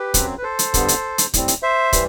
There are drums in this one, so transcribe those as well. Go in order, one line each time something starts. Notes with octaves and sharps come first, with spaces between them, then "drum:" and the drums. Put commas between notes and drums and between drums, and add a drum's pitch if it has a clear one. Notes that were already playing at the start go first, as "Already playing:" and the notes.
Already playing: G4 B4
F#2 F#3 C4, drum: kick, hi-hat
B4
A4 C5
drum: hi-hat
G2 D3 G3 B3, drum: kick, hi-hat
drum: hi-hat
drum: hi-hat
A2 G3 C4, drum: kick, hi-hat
drum: hi-hat
C5 E5
E3 G3, drum: kick, hi-hat